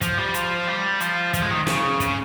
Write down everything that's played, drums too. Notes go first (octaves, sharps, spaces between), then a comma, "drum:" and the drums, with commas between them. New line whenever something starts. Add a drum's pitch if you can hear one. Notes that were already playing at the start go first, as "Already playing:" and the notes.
F3, drum: kick, hi-hat
G3
F3, drum: hi-hat
G3
F3, drum: hi-hat
F3, drum: kick, hi-hat
G#3
D#3
C#3, drum: snare
C#3, drum: kick, hi-hat